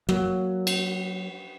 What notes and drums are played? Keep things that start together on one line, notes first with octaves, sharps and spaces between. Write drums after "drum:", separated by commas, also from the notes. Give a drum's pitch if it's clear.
F#3 A#3, drum: rim click
drum: cymbal